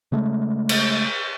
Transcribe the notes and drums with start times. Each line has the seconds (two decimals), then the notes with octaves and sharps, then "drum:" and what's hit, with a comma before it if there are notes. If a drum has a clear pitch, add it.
0.12 C#3 G#3 A3
0.69 drum: cymbal